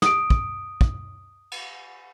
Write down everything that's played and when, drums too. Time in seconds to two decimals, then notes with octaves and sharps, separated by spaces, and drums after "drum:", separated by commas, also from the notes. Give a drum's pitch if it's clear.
0.02 D#6 D7, drum: snare
0.30 drum: kick
0.81 drum: kick
1.51 drum: cymbal